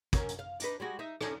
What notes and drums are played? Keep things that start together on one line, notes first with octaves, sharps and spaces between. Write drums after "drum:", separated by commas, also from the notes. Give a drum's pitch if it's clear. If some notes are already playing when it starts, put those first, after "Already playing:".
F#2 C#4 A#4, drum: kick, hi-hat
drum: hi-hat
F5
D4 D#4 B4, drum: hi-hat
G3 G#3 F#4
D#4 E5
C#4 D#4 A4, drum: rim click